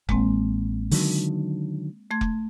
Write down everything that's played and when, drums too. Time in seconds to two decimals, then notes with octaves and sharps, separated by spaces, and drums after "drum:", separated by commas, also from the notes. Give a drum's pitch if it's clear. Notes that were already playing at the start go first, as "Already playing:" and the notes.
0.09 A1 G#3 A#3 C4, drum: kick F1
0.91 D3 D#3 F#3, drum: open hi-hat
2.11 A3 C6 G#6
2.21 drum: kick F1